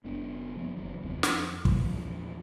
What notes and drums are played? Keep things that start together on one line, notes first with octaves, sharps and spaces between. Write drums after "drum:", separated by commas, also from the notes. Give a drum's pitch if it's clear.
F#1 B3 D4
F3 A#3 B3
F#1 E3 F#3
F1 D#2 B3 C4
F2, drum: snare
E2 A#2 E3 F3, drum: kick